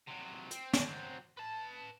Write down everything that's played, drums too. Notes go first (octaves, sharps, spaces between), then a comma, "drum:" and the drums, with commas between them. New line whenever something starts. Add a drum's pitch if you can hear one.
C3 F#3
C4, drum: hi-hat
F#3 C4, drum: snare
B4 A5